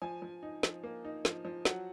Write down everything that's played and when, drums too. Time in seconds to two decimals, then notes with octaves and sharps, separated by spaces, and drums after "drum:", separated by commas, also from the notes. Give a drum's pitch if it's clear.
0.02 F3 G#5
0.22 F3
0.43 D#4
0.63 F3, drum: snare
0.83 A#3
1.05 D#4
1.25 F3, drum: snare
1.45 F3
1.65 F#3 F#5, drum: snare